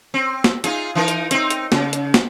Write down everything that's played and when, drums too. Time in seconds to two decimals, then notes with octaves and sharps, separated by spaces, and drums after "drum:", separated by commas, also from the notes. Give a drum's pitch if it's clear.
0.14 C4
0.44 drum: snare
0.64 D#4 F4 G#4, drum: hi-hat
0.95 E3 D#4 A#4
1.08 drum: hi-hat
1.31 C4 D#4, drum: hi-hat
1.50 drum: hi-hat
1.72 C#3, drum: snare
1.93 drum: hi-hat
2.14 drum: snare